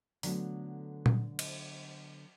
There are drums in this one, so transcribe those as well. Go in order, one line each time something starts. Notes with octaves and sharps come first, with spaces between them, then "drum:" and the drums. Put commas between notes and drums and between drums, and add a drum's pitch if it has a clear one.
D3 F#3 A3 B3, drum: open hi-hat
drum: tom A#2
drum: cymbal